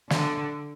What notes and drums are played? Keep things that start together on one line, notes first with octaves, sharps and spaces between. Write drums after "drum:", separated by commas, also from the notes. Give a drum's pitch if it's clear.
D3, drum: snare